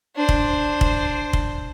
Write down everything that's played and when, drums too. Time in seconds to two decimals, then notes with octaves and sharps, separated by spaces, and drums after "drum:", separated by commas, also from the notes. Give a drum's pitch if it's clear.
0.15 D4 C5
0.29 drum: kick
0.81 drum: kick
1.33 drum: kick